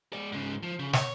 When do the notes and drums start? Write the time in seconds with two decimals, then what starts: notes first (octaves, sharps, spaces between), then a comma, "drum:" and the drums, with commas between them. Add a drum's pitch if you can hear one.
0.13 G#3 D5
0.32 G#2 C#3
0.63 F3
0.79 C#3
0.93 C#5, drum: snare